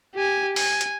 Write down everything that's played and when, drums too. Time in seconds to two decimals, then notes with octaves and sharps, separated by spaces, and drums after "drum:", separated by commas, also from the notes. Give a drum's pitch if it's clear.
0.15 G4 G#5
0.56 G#5, drum: open hi-hat
0.81 drum: hi-hat